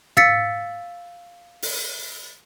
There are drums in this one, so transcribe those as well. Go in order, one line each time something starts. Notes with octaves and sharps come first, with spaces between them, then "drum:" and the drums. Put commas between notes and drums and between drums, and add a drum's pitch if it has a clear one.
F5 E6 A6 B6 C#7, drum: tom
drum: open hi-hat